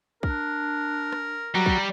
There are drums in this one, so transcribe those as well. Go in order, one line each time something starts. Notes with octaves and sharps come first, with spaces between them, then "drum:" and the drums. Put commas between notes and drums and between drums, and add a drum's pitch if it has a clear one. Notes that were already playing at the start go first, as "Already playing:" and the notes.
D4 A#4, drum: kick
drum: rim click
F#3 G3 A#5
drum: kick